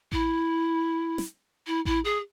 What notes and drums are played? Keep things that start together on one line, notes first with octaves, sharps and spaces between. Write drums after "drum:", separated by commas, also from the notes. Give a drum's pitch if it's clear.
E4, drum: kick A1
drum: snare
E4
E4, drum: kick A1
G#4